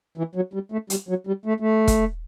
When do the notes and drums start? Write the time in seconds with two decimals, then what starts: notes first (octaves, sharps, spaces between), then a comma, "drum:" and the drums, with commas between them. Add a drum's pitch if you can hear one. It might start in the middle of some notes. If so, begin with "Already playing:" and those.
0.17 E3
0.35 F#3
0.53 G3
0.72 A3
0.90 G3, drum: hi-hat
1.09 F#3
1.27 G3
1.45 A3
1.60 A3
1.87 drum: kick, hi-hat